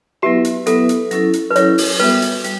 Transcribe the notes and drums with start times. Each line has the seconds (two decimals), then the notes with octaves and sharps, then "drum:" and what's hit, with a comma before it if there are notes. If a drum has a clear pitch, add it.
0.22 F#3 B3 E4 G4 B4 E5
0.45 drum: hi-hat
0.66 F#3 B3 E4 A4 B4 E5, drum: hi-hat
0.89 drum: hi-hat
1.11 F#3 C#4 E4 A4, drum: hi-hat
1.33 drum: hi-hat
1.51 B4
1.56 F#3 C#4 E4 A4 C#5, drum: hi-hat
1.78 drum: open hi-hat
2.00 G3 B3 F#4 A4 B4 E5
2.22 drum: hi-hat
2.44 G3, drum: hi-hat